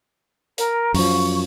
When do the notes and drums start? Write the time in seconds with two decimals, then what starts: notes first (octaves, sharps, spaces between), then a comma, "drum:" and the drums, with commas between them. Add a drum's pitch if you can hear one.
0.58 A#4, drum: hi-hat
0.94 F#2 F3 C#6, drum: open hi-hat